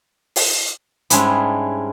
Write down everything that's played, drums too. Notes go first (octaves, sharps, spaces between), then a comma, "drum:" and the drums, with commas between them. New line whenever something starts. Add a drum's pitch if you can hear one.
drum: open hi-hat
G#2 G3 G#3 C#4 D4 E4, drum: hi-hat